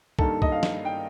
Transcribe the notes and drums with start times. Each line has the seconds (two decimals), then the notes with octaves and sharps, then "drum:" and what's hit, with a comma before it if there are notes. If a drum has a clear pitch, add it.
0.19 G2 D#3 A#3 A4, drum: kick
0.42 D#5, drum: kick
0.52 F5
0.63 drum: snare
0.85 G5